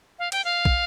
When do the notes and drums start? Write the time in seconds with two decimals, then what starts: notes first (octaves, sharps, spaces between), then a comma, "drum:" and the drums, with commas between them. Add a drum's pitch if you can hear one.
0.19 F5
0.32 G5, drum: cymbal
0.45 F5
0.65 drum: kick